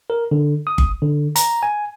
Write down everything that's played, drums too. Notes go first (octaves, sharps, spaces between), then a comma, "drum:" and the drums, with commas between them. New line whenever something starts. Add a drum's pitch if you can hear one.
A#4
D3
D#6
drum: kick G1
D3
A#5, drum: hi-hat
G#5